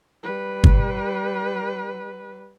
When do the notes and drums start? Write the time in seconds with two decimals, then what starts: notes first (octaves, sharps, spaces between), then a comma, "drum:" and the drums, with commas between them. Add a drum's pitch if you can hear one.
0.23 G3 B4
0.64 drum: kick G1